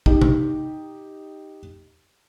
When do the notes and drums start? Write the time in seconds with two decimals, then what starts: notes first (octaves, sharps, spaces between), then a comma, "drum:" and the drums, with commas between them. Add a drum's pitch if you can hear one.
0.06 D#4 G4, drum: kick
0.22 drum: tom C3